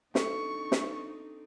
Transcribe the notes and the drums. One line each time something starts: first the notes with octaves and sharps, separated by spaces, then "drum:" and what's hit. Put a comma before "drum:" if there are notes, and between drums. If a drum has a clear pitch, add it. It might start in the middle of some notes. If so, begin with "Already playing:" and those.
C4 D4 D#4 A4 C#6, drum: snare
drum: snare